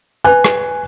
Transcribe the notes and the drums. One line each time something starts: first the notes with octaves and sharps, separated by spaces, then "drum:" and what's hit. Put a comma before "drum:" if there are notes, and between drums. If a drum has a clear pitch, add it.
B4 G#5 F#6
drum: rim click